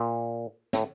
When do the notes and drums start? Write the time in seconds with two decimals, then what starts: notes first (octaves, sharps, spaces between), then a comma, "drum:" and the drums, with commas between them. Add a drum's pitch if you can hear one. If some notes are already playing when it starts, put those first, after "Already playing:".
Already playing: A#2
0.73 A2, drum: snare